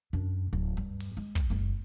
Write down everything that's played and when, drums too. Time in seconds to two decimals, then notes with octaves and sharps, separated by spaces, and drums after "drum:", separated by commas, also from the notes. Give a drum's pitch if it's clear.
0.13 F#2 D4
0.53 D1
0.77 G2
1.00 drum: open hi-hat
1.17 G#3
1.35 drum: kick, hi-hat
1.50 F#1 G#3